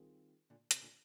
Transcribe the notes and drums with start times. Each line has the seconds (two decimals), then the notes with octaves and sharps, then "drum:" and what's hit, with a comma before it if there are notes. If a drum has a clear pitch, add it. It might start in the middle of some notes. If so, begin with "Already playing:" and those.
Already playing: D#3 G3 C4 F4 G#4
0.50 A#2 D3
0.71 C3, drum: hi-hat
0.81 A#2 D3